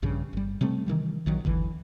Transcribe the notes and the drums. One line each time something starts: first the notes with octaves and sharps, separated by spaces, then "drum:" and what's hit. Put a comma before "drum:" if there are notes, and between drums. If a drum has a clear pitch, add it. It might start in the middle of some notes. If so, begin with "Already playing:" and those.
A#1 G2 C#3
G1 G3
C3 G3 A3 C4
C3 D#3 E3 G3
A#1 D#3 F#3
D#2 D3 E3, drum: kick G1